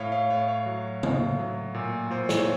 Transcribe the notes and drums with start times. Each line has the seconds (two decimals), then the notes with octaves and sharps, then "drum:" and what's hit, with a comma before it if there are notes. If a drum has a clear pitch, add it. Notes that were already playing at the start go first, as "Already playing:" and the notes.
Already playing: A2 C#5 F5
0.12 C#5 F5
0.30 A2 C#5
0.48 C#5
0.66 F#3
1.03 A2, drum: tom
1.39 F#3
1.74 A#2
2.10 A#2 C5
2.29 C#5, drum: snare